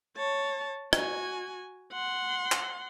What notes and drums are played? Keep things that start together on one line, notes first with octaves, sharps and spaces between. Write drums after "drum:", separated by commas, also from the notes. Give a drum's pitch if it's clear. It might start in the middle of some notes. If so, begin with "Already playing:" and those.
C#5 A5
F#4 G#5, drum: rim click
F#5 C6
drum: clap